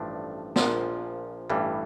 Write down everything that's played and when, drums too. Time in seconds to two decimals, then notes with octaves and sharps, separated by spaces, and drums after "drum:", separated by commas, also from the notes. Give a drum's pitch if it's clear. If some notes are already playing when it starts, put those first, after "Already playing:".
Already playing: A1 G2 F3 A3 D4
0.56 A#1 A#2 F3, drum: snare
1.50 A1 G2 E3 G3